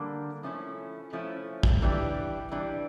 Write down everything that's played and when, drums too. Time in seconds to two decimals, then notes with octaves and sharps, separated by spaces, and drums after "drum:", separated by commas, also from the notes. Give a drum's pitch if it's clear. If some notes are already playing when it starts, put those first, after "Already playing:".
Already playing: D3 G3 A#3
0.43 F3 A3 C#4 E4
1.13 F3 A3 C#4 E4
1.63 drum: kick
1.82 E3 G3 D4
2.51 E3 G3 D4